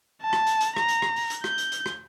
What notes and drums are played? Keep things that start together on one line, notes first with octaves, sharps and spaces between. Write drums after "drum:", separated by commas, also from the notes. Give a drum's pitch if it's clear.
A5
drum: rim click
drum: hi-hat
drum: hi-hat
A#5, drum: rim click
drum: hi-hat
drum: rim click
drum: open hi-hat
drum: hi-hat
G6, drum: rim click
drum: hi-hat
drum: hi-hat
drum: rim click